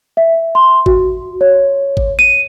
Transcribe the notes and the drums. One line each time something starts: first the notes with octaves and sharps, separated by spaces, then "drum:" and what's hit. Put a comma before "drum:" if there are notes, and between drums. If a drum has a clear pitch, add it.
E5
C6
F#4, drum: kick G#1
C#5
drum: kick G#1
D#7